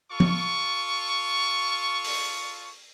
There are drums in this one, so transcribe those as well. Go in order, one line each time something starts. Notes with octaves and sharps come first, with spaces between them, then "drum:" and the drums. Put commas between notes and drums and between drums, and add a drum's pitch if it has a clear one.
F4 A4 C#6
drum: tom F3
drum: open hi-hat